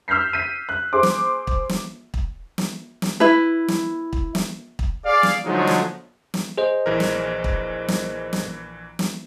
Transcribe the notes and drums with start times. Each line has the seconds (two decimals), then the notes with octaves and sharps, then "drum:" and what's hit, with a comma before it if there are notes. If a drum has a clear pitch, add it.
0.08 E6 F6 G6 B6 C7
0.33 B6 C7 D#7
0.69 F#6
0.93 G#4 C5 C6 D6
1.03 drum: snare
1.47 drum: kick
1.69 drum: snare
2.14 drum: kick
2.58 drum: snare
3.02 drum: snare
3.20 E4 B4
3.68 drum: snare
4.13 drum: kick
4.35 drum: snare
4.79 drum: kick
5.05 G#4 D5 F5
5.23 drum: snare
5.45 D3 F3 F#3 G#3 A3 D#4
5.67 drum: snare
6.34 drum: snare
6.58 G#4 C5 D#5
6.86 A#1 E3 A#4
7.00 drum: snare
7.44 drum: kick
7.88 drum: snare
8.33 drum: snare
8.99 drum: snare